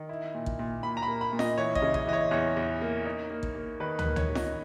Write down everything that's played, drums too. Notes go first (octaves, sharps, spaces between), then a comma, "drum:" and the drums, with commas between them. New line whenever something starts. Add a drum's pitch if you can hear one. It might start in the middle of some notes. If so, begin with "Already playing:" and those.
Already playing: D#3
E4
A#2
drum: kick
A#2
A#2 B5
A#5
B5
A#3
B5
A#2
D#5, drum: snare
E3 C#5
D#5, drum: kick
C#3
D#5, drum: kick
E3 D#5
C#5
E2 C#5
E2
A#3
D#4
A#3
drum: kick
A#3
D#3 B4
B4, drum: tom
A#3
C#5, drum: tom
D#3
D#5, drum: snare